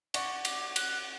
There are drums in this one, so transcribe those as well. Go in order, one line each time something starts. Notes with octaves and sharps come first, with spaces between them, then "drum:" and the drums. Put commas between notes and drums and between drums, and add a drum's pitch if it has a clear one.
D5 F#5 C#6, drum: cymbal
D6, drum: cymbal
F#6, drum: cymbal